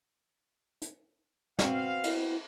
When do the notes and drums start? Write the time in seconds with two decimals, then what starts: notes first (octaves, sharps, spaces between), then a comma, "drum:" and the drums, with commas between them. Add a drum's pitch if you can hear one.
0.82 drum: hi-hat
1.59 B3 C4 F#4 F5, drum: snare
2.04 E4, drum: cymbal